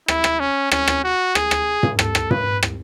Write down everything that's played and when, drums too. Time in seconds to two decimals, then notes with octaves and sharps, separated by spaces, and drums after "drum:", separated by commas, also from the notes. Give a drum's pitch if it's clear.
0.08 E4, drum: rim click
0.24 drum: rim click
0.40 C#4
0.71 C#4, drum: rim click
0.88 drum: rim click
1.04 F#4
1.35 G#4, drum: rim click
1.51 drum: rim click
1.83 drum: tom
1.99 A4, drum: rim click
2.15 drum: rim click
2.31 B4, drum: tom
2.63 drum: rim click